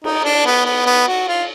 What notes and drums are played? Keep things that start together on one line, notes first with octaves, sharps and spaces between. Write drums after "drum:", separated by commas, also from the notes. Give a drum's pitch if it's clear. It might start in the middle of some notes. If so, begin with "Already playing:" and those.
D#4, drum: cymbal
D4
B3
B3
B3
F#4
F4